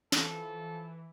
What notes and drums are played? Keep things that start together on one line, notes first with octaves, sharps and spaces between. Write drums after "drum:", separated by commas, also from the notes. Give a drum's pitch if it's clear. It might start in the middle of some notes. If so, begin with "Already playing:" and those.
E3 F3 A4, drum: snare